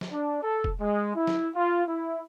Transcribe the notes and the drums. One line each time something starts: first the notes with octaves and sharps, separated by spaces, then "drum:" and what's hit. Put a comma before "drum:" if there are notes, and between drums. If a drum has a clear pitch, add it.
drum: snare
D4
A4
drum: kick E1
G#3
E4
drum: snare
F4
E4